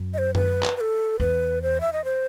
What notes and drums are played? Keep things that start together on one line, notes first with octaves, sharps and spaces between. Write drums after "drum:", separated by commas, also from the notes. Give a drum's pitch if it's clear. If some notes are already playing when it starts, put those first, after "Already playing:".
Already playing: F#2
D#5
C5
B4, drum: tom F#2
drum: clap
B4
A4
E2 B4
C5
E5
D#5
C5